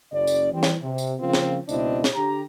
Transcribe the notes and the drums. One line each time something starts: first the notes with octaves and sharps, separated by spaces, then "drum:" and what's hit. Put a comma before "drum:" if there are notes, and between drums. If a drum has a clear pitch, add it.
F#1 C#3 D5
drum: tambourine
E3 G3 C4
drum: snare
C3
drum: tambourine
C#3 F3 A#3 C4 F4
drum: snare
C#2 B2 C4 D4 E4 D#5, drum: tambourine
drum: snare
D3 G4 A#5